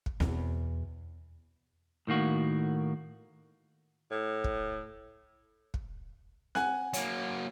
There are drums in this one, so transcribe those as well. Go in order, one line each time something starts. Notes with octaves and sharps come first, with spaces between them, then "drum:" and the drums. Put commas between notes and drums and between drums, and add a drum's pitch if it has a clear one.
drum: kick
E2 B2, drum: snare C4
A2 D#3 A#3 F#4
A2
drum: kick
drum: kick
F#5 G#5 F#6, drum: snare C4
F#3 A#3, drum: hi-hat